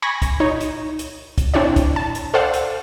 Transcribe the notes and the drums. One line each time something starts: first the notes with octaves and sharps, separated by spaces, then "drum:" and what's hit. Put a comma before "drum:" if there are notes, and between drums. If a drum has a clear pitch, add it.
G#5 B5 C#6 G#6 A#6
drum: kick, hi-hat
D#4 C#5
drum: hi-hat
drum: hi-hat
drum: kick, hi-hat
C4 D4 E4 C#5 D5
drum: kick, hi-hat
A5
drum: hi-hat
A4 C5 D5 F5 F#5
drum: hi-hat